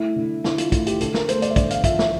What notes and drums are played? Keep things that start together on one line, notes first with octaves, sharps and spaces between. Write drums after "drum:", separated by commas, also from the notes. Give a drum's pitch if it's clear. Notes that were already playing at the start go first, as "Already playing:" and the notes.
Already playing: A3 E4
D3
D3 E4, drum: snare
F4, drum: hi-hat
A3 E4, drum: kick, hi-hat
G4, drum: hi-hat
D3 A4, drum: hi-hat
A#4, drum: snare
A3 C5, drum: hi-hat
D5, drum: hi-hat
E5
D3 D5, drum: kick, hi-hat
F5, drum: hi-hat
F3 E5, drum: kick, hi-hat
E5, drum: snare